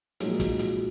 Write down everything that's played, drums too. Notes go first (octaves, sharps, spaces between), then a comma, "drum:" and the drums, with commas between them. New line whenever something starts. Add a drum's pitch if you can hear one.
A#2 F3 F#3 G#3 D#4, drum: hi-hat
drum: kick, hi-hat
drum: hi-hat